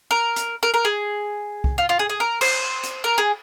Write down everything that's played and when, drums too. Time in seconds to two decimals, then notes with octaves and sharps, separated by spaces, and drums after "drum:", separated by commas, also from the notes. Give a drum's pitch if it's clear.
0.11 A#4
0.36 drum: hi-hat
0.63 A#4
0.74 A#4
0.85 G#4
1.64 drum: kick C2
1.78 F4
1.89 F4
1.99 G#4
2.10 G#4
2.20 A#4
2.41 C5, drum: cymbal
2.83 drum: hi-hat
3.04 A#4
3.18 G#4